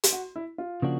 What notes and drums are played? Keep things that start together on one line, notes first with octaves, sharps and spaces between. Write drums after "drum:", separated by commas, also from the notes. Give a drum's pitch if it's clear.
drum: hi-hat
F#4
E4
F4
C#3 F3 A#3 D4 F#4